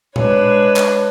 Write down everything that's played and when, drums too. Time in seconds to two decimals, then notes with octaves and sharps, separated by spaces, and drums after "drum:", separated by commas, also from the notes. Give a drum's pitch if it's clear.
0.16 G#3 D4 B4 C#5, drum: tom A#2
0.76 drum: clap